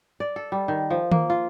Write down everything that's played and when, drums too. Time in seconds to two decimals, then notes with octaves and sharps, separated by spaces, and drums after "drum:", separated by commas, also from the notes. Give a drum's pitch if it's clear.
0.20 D5
0.36 A4
0.52 G3
0.68 D#3
0.90 F3
1.12 A#3, drum: tom D#3
1.30 F4